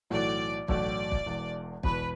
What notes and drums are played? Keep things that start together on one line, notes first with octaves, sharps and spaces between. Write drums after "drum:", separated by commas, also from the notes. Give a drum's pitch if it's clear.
B1 A2 E3 A3 F#4 D5
B1 A2 E3 A3 F#4 D5, drum: kick
drum: kick
E1 E2 B2
E1 E2 B2 B4, drum: kick